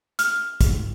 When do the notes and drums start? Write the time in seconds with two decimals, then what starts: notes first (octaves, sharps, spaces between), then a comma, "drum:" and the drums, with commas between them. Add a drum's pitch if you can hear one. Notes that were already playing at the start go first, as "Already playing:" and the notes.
0.19 F6, drum: hi-hat
0.61 drum: kick, hi-hat